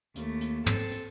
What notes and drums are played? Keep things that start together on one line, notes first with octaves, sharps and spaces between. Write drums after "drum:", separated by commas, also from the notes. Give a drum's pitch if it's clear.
D#2 A3, drum: hi-hat
drum: hi-hat
C4 A4, drum: tom
drum: hi-hat